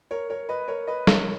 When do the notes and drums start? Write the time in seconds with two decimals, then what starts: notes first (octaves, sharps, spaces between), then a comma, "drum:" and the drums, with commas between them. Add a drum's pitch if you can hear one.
0.11 A#4 C#5
0.30 A#4 C#5
0.49 B4 D#5
0.68 A#4 C#5
0.87 B4 D#5
1.07 A#4 C#5, drum: snare